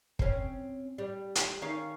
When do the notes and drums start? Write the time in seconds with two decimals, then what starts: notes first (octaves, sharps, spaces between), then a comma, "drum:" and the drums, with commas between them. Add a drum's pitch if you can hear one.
0.19 C4 C#4, drum: kick
0.98 G3
1.35 drum: hi-hat
1.61 D#3 C#4 F5